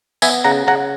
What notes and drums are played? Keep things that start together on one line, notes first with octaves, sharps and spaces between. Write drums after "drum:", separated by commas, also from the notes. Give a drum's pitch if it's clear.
B3 E5 G#5, drum: tambourine
C#3 F#5 A#5
C#3 F#5 A#5